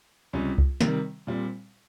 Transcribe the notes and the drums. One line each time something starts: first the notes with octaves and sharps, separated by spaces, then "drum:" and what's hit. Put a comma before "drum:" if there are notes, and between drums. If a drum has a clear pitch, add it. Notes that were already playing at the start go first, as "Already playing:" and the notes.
C#2 C3 G3 C#4
drum: kick C2
C3 D#3 G3, drum: snare
A#2 G3 C4